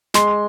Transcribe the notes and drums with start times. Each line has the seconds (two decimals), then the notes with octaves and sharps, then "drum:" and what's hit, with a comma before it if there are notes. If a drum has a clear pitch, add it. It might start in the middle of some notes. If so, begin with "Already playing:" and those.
0.14 G#3 C6, drum: snare